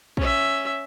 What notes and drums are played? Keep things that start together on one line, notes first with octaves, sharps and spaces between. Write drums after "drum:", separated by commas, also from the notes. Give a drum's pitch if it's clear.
C#4 E5, drum: kick